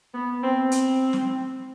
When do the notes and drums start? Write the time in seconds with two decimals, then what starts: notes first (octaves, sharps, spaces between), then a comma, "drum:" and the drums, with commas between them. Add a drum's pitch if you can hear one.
0.14 B3
0.43 C4
0.72 C4, drum: hi-hat
1.13 drum: snare